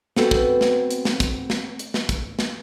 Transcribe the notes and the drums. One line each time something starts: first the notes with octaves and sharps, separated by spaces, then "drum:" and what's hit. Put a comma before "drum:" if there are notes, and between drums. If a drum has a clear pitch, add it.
B3 C4 F#4 A4 B4, drum: snare
drum: kick
drum: snare
drum: hi-hat
drum: snare
drum: kick, hi-hat
drum: snare
drum: hi-hat
drum: snare
drum: kick, hi-hat
drum: snare